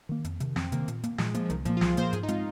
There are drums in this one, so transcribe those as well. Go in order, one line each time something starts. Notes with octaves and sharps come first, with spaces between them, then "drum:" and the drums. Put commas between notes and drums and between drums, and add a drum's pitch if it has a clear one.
D#3 A#3
F2, drum: hi-hat
C3 D#3, drum: hi-hat
F2 C4, drum: snare
C3 D#3 A#3, drum: hi-hat
A#2, drum: hi-hat
A#3, drum: hi-hat
A#2 G#3, drum: snare
F3 A#3, drum: hi-hat
F3
C2 D#3, drum: hi-hat
A#2 F3 A#3, drum: hi-hat
F4
C2 G#4, drum: snare
A#2 A#3 C5, drum: hi-hat
A#4
G#2 G#4, drum: hi-hat
D#4
G#3 C4 F4, drum: hi-hat